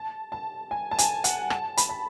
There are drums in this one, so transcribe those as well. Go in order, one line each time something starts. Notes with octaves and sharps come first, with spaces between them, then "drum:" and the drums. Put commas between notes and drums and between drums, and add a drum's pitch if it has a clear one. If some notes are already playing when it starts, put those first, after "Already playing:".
Already playing: A5
A5
G#5
A5
G#5, drum: hi-hat
F#5, drum: hi-hat
A5, drum: rim click
B5, drum: hi-hat
A5